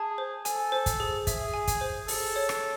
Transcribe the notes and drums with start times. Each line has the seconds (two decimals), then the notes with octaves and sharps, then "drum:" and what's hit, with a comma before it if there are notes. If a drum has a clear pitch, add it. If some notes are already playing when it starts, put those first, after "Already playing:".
Already playing: G#4 A5
0.18 C5
0.45 A4 G#5, drum: hi-hat
0.72 C5
0.86 drum: kick, hi-hat
1.00 G#4
1.27 G#4 E5, drum: kick, hi-hat
1.54 G#5
1.68 drum: kick, hi-hat
1.81 C5
2.08 G#4 A4, drum: open hi-hat
2.36 C#5
2.49 drum: rim click